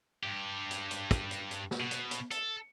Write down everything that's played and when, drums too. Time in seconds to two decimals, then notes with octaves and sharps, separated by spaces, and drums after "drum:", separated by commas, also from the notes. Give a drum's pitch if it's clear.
0.23 G2 G4
0.71 drum: hi-hat
0.91 drum: hi-hat
1.11 drum: kick, hi-hat
1.31 drum: hi-hat
1.51 drum: hi-hat
1.71 drum: snare
1.80 B2
1.91 drum: hi-hat
2.11 drum: hi-hat
2.31 A4, drum: hi-hat